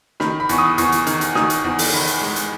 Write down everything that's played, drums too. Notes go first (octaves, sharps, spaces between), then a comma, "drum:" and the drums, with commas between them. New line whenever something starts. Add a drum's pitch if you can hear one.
D#3 B5, drum: snare
B5
E2 C#6, drum: hi-hat
D#6
E2 C#6, drum: hi-hat
drum: hi-hat
D#3, drum: hi-hat
drum: hi-hat
D#3 D#6, drum: snare
drum: hi-hat
E2
drum: open hi-hat
D#3 B5
drum: hi-hat
G#3
drum: hi-hat